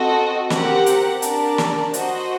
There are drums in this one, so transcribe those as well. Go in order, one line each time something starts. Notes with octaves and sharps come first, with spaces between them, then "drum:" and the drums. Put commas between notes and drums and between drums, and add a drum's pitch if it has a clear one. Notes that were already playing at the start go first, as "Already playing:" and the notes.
Already playing: C4 F#4 A4 D#5
C4 G4 A#4 F#5, drum: snare
drum: hi-hat
D4 G4 A#4 D5 A5, drum: hi-hat
drum: snare
F#4 C5 D#5, drum: hi-hat